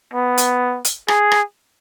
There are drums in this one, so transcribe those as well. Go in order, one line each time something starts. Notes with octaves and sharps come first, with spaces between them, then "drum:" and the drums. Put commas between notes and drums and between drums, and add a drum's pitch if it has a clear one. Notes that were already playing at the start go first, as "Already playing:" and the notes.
B3
drum: hi-hat
drum: hi-hat
G#4, drum: rim click
drum: rim click